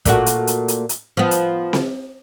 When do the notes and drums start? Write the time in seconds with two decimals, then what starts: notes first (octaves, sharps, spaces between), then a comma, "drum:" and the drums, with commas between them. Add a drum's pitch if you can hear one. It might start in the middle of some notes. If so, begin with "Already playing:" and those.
0.05 A#2 A3 F#4, drum: kick, hi-hat
0.26 drum: hi-hat
0.47 drum: hi-hat
0.68 drum: hi-hat
0.89 drum: hi-hat
1.17 F3 B3
1.31 drum: hi-hat
1.73 drum: snare C4